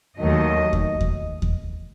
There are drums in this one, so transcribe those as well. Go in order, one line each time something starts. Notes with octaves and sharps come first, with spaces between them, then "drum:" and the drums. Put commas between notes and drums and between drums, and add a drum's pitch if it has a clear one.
D#2 D#3 F#3 A3 D#5
drum: kick D#2
drum: kick D#2
drum: kick D#2